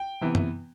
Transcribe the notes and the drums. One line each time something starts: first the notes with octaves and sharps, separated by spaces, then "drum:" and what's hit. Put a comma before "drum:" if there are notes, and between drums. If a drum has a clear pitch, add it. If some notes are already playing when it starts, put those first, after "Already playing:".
Already playing: G5
C3 E3 B3
drum: tom F#2